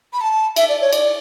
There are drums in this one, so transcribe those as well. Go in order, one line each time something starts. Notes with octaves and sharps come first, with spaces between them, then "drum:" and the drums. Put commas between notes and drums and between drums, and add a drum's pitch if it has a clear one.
B5
A5
E5, drum: cymbal
D5
C#5
D5, drum: cymbal